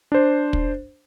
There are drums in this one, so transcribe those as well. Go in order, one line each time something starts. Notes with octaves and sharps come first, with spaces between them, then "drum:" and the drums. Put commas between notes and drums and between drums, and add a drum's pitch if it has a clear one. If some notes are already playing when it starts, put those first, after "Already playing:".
D4 C5
drum: kick